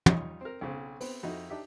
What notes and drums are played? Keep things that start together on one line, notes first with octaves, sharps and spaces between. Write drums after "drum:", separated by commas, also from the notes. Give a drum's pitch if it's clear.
G3 D#4 F4 C#5 D#5, drum: tom
C4 A#4
B1 C#3 C4
B3 C4, drum: open hi-hat
F2 D#4 E4 F#4
D4 D#4 G4 E5